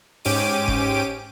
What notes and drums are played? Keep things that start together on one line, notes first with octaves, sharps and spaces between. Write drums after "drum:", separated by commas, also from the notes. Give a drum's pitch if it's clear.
G#2 C#4 G4 D6 D7 D#7, drum: open hi-hat
drum: kick F#1